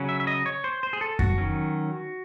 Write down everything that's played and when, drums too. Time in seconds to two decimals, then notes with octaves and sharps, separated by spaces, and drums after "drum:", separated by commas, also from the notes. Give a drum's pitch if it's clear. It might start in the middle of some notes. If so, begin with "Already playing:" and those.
Already playing: C#3 F#3 C#4
0.09 E5
0.20 E5
0.27 D#5
0.46 C#5
0.64 C5
0.83 C5
0.93 G#4
1.01 A4
1.19 F#4, drum: kick F#2
1.38 D#3 F#3 C#4